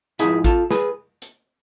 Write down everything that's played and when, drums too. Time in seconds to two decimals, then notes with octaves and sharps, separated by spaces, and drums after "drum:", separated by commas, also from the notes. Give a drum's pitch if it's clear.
0.19 G#2 F3 E4 G#4, drum: hi-hat
0.44 F4 A4, drum: kick, hi-hat
0.71 G#4 B4, drum: snare
1.22 drum: hi-hat